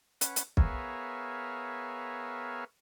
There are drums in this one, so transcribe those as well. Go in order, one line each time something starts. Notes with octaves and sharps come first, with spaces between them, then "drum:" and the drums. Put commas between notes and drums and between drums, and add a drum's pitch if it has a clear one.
C#4 B4 F#5, drum: hi-hat
drum: hi-hat
B3 G#4 A#4 C#5 E5 F5, drum: kick